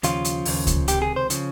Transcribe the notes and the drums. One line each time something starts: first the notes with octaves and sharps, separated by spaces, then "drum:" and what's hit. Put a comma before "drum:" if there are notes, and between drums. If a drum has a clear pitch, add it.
D#2 C#3 F3 F4, drum: hi-hat
drum: hi-hat
D#2 C#3 F3, drum: open hi-hat
drum: kick C#2, hi-hat
C#2 C3 D#3 G4, drum: hi-hat
G#4
C5
C#3 F3, drum: hi-hat